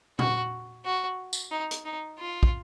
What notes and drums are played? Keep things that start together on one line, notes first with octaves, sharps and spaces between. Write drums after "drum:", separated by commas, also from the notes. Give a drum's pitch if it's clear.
F#4, drum: tom A#2
F#4
drum: tambourine
D#4
drum: hi-hat
D#4
F4
drum: kick